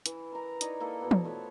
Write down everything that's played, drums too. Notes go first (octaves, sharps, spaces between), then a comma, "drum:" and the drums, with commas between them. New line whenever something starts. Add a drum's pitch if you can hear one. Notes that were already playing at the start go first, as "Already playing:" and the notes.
E3, drum: hi-hat
A#4 A#5
D#4 E4 D5 D#5, drum: hi-hat
A#3 E4 A4
B2 B3
drum: tom
F3 A3 B4 C#5